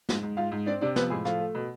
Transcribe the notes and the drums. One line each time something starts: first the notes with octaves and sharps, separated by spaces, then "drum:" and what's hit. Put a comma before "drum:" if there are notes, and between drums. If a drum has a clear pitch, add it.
G#2, drum: snare
G#2
G#2 F4 F5
G#2
C4 D4 D5
C3 D4 D5
F3 B3 B4, drum: snare
A2 G#3 G#4
F3 A3 F4, drum: rim click
A3
B2